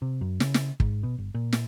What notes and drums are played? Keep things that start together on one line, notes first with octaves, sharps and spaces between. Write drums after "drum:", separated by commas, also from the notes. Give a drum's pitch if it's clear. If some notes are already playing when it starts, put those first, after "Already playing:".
C3
F#2
C#3, drum: snare
drum: snare
G#2, drum: kick
B2
G1
A#2
drum: snare